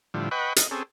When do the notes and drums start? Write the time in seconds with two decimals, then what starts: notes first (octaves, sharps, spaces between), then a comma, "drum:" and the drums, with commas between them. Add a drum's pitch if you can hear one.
0.14 A2 D3 F3 G3
0.31 B4 D#5 F#5 G5 B5 C#6
0.56 D#5, drum: hi-hat
0.71 C4 C#4 G#4 A4